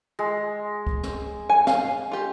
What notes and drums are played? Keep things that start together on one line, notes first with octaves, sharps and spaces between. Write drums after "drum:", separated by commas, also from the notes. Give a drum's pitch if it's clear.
G#3
drum: kick
drum: snare
G#5
F5, drum: snare
F4 G4